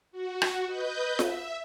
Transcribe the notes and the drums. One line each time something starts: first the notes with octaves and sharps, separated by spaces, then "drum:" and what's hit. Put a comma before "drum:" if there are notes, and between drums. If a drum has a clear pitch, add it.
F#4
drum: rim click
B4 D#5 G6
E5, drum: snare F4